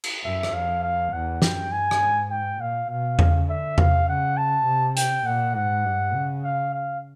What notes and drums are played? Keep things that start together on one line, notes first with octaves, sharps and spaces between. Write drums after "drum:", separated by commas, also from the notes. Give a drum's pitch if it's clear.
drum: cymbal
F#2 E5
drum: rim click
F2 F5
F5
E2 F#5
F#2 G5, drum: snare
G2 G#5
drum: rim click
G#2
G5
A#2 F5
B2 F5
C#3, drum: tom E2
D3 E5
C3 F5, drum: tom E2
C#3 F#5
A5
C3
G5, drum: hi-hat
A#2 F#5
G#2 F#5
G2
C#3
F5
F5